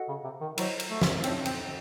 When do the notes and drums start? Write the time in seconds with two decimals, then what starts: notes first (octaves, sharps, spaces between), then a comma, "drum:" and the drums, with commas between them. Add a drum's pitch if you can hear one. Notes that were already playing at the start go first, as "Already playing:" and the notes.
Already playing: F#4 A4 D#5 F#5
0.09 C#3
0.24 C3
0.41 D#3
0.58 F#3 E4 C5 D#5, drum: cymbal
0.80 drum: cymbal
0.90 A3
1.02 drum: snare
1.24 C4 D#4 F#4 C#5 E5 A5, drum: cymbal
1.45 C4, drum: cymbal